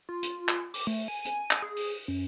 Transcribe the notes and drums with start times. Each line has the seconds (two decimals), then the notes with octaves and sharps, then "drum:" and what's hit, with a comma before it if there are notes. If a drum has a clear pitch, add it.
0.09 F4
0.23 drum: hi-hat
0.48 drum: clap
0.74 D6, drum: open hi-hat
0.87 A3
1.08 G#5
1.25 drum: hi-hat
1.51 drum: clap
1.62 G#4
1.76 drum: open hi-hat
2.08 F#2